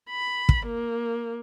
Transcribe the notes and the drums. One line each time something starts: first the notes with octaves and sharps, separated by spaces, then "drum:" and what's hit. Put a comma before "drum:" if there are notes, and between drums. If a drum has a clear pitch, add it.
B5
drum: kick
A#3